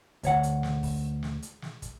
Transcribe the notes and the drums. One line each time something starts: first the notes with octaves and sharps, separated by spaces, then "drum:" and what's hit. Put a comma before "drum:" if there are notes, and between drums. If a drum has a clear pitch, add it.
D2 C#5 F#5, drum: kick, hi-hat
drum: hi-hat
drum: snare
drum: kick, open hi-hat
drum: snare
drum: hi-hat
drum: snare
drum: kick, hi-hat